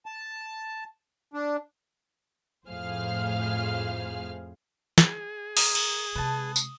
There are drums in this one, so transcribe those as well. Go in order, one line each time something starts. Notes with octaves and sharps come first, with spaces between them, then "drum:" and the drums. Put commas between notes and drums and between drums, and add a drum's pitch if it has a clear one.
A5
D4
F2 A2 G#4 C5 F5 F6
G#4, drum: snare
A#4 D#6, drum: open hi-hat
drum: cymbal
C3 G#3 B4 A5
drum: tambourine